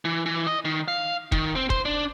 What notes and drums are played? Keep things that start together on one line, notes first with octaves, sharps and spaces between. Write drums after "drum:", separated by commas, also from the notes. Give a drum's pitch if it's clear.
E3
E3
D#5
D#3
F5
D#3, drum: kick F1
C4
C5, drum: kick F1
D4